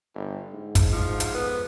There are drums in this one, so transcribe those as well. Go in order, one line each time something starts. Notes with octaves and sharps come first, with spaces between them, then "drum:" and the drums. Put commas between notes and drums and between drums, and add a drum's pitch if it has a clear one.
G1
G#2
drum: kick, hi-hat
F3
drum: hi-hat
B3